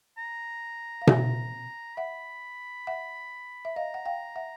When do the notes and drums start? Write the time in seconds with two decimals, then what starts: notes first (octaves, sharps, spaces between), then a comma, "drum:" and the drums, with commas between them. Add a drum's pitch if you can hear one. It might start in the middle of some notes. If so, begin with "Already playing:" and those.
0.18 A#5
1.02 F5
1.07 E5 F#5, drum: tom B2
1.97 E5 F#5 B5
2.87 E5 F#5
3.65 E5
3.76 D#5 F5 A#5
3.94 F#5
4.05 F5 G5
4.36 E5 F#5